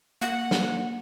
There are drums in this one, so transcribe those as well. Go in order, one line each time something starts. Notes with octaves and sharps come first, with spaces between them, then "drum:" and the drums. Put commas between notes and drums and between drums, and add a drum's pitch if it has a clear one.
A#3 F#5
drum: snare